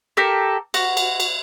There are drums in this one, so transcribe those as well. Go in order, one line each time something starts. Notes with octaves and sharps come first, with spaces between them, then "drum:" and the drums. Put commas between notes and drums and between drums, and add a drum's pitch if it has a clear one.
G4 A4 A#4
F#4, drum: cymbal
drum: cymbal
drum: cymbal